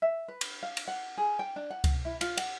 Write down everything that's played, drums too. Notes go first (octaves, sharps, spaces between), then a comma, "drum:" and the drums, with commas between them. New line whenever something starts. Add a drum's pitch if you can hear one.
E5
B4
drum: cymbal
F5
drum: cymbal
F#5
G#4
G5
D4
F#5
drum: kick C#2, cymbal
E4
F4, drum: cymbal
F#5, drum: cymbal